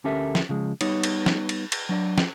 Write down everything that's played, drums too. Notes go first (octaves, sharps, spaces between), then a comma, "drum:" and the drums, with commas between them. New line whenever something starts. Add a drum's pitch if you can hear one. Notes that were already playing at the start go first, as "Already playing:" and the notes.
D2 C#4 G4 A4 A#4 E5
drum: snare
C#3 F3 G#3
G3 B3 D#4 C#5, drum: cymbal
drum: cymbal
drum: snare
drum: cymbal
drum: cymbal
F#3 D4 D5
drum: snare